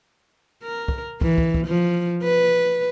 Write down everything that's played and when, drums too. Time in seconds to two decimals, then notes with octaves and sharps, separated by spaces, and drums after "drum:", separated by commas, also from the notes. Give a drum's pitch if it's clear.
0.64 A#4
0.88 drum: kick
1.21 E3, drum: kick
1.38 drum: kick
1.54 drum: kick
1.66 F3
2.23 B4